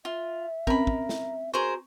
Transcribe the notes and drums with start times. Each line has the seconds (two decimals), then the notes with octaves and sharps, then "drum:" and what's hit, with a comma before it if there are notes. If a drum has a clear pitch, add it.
0.05 F4 E5
0.67 C4 C#4 A#4 B5, drum: kick
0.87 drum: kick
1.09 drum: snare
1.54 F#4 G#4 A#4 C5 C#6